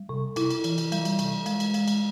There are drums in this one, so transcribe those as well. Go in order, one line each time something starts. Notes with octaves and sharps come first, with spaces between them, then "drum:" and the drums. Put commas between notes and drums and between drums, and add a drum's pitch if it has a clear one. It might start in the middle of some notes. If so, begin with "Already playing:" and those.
Already playing: G3
C3
C3 E4, drum: cymbal
drum: cymbal
E3, drum: cymbal
drum: cymbal
G3, drum: cymbal
drum: cymbal
C3, drum: cymbal
G#3, drum: cymbal
drum: cymbal
G#3, drum: cymbal
drum: cymbal